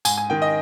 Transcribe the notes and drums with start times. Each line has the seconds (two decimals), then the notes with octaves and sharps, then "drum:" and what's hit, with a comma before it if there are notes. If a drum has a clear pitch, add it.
0.05 G#2 G#5, drum: tambourine
0.18 G#5
0.30 D#3 G5
0.42 D#5